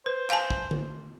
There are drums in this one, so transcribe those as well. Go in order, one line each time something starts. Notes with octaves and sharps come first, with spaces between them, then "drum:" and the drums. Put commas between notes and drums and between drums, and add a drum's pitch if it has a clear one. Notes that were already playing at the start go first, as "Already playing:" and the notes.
B4 C5
F5 G#5 A5, drum: clap
drum: kick
drum: tom D3